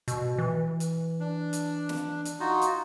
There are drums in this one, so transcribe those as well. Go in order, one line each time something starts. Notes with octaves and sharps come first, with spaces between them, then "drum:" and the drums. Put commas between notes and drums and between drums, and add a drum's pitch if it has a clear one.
B2, drum: hi-hat
E3
drum: hi-hat
D4
drum: hi-hat
drum: snare
drum: hi-hat
D#4 F4 F#4
drum: hi-hat